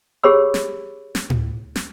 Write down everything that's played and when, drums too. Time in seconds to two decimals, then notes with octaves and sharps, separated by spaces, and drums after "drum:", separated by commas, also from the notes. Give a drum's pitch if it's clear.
0.24 G4 G#4 C#5 B5 E6
0.54 drum: snare
1.15 drum: snare
1.30 drum: tom A2
1.76 drum: snare